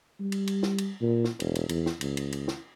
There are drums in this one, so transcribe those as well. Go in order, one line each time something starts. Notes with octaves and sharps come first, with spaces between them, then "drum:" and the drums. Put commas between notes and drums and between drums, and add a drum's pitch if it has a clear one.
G3
drum: cymbal
drum: cymbal
drum: snare
drum: cymbal
A#2
drum: snare
E1, drum: cymbal
drum: cymbal
E2, drum: cymbal
drum: snare
C#2, drum: cymbal
drum: cymbal
drum: cymbal
drum: snare